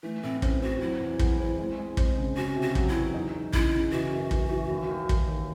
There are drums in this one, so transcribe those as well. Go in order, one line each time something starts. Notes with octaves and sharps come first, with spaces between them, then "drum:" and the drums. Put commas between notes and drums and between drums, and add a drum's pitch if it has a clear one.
E3 A3
A2 C4
C4 C#4, drum: kick
C4 F#4
F#3 E4
E2
E2, drum: kick
C4
G#3
G#3
C4, drum: kick
C#3
C#4 F#4
C3
F#4
F#3, drum: kick
E4
E2
D#4
D#4
C#3 E4, drum: kick
C#3
E3 F#4
F#2
E3, drum: kick
E3
D#2
D#2
D#2, drum: kick
D#2